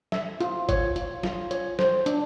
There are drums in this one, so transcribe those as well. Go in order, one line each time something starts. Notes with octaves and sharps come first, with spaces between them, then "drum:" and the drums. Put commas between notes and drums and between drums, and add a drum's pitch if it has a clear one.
E5, drum: snare
F4, drum: hi-hat
C#5, drum: kick G1, hi-hat
F4, drum: hi-hat
F4, drum: snare
C#5, drum: hi-hat
C5, drum: snare
D4, drum: hi-hat